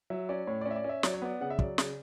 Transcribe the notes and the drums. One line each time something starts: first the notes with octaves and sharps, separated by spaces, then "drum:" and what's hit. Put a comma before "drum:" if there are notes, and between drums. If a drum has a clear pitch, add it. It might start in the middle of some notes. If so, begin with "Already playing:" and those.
F#3 E5
C#4 D5
A2 C#5
C#4 D5
E5
D5
C#4 E5
F#3 D5, drum: snare
C#5
B3 D5
C#3 F#5
E5
F#3 D5, drum: kick
C#3, drum: snare